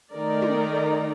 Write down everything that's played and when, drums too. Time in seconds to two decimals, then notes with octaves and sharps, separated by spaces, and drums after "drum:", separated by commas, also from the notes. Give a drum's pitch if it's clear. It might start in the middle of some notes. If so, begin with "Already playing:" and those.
0.13 D#3 A3 D#4 A#4 D5
0.42 drum: tom